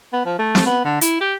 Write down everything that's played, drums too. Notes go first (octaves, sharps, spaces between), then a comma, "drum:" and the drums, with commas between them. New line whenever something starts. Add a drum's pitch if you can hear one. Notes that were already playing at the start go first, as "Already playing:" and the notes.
B3
F3
A3
drum: snare
B3
D3
E4, drum: hi-hat
G4